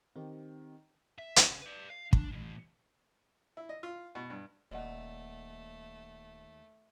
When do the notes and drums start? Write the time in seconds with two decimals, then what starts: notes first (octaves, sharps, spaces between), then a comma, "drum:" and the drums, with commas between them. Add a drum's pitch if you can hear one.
0.16 D#3 C4 G4
1.19 E5
1.36 drum: hi-hat
1.49 C#3
1.62 B4 D5
1.90 F5
2.13 D4, drum: kick
2.32 A2 E3
3.57 E4
3.69 D#5
3.83 F4
4.15 B2
4.30 G2
4.71 D#1 D#2 A3 D5 D#5 F#5